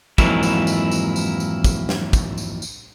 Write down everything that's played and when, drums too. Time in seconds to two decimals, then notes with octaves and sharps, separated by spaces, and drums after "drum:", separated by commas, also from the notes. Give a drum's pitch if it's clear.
0.18 F2 G#2 E3 F#3 A#3 E4, drum: kick, tambourine
0.43 drum: tambourine
0.67 drum: tambourine
0.91 drum: tambourine
1.16 drum: tambourine
1.40 drum: tambourine
1.64 drum: kick, tambourine
1.89 drum: snare
2.13 drum: kick, tambourine
2.38 drum: tambourine
2.62 drum: tambourine